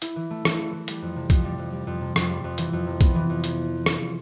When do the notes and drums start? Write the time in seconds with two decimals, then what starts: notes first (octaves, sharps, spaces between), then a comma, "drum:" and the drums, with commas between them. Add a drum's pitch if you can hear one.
0.02 E4, drum: hi-hat
0.16 E3
0.30 A3
0.45 E3, drum: rim click
0.59 E4
0.73 E3
0.88 G3, drum: hi-hat
1.02 F2
1.16 C3
1.30 F2, drum: kick, hi-hat
1.45 G3
1.58 F2
1.73 G3
1.87 F2
2.01 C3
2.16 F2, drum: rim click
2.29 G3
2.44 F2
2.58 E3, drum: hi-hat
2.73 F2
2.87 C3
3.01 B3, drum: kick, hi-hat
3.15 E3
3.30 F2
3.44 drum: hi-hat
3.86 drum: rim click